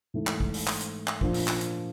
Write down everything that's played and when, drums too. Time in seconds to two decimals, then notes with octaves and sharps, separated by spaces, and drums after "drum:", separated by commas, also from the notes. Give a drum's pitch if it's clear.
0.14 G#2 E3 A3
0.27 drum: clap
0.40 drum: kick
0.54 drum: open hi-hat
0.67 drum: clap
0.81 drum: hi-hat
1.07 drum: clap
1.21 A#2 F3 A#3 D4, drum: kick
1.34 drum: open hi-hat
1.47 drum: clap
1.61 drum: hi-hat